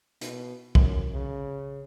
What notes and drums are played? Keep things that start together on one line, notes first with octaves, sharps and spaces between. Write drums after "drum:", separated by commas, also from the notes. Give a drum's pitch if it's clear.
B2, drum: hi-hat
F#2, drum: kick
C#3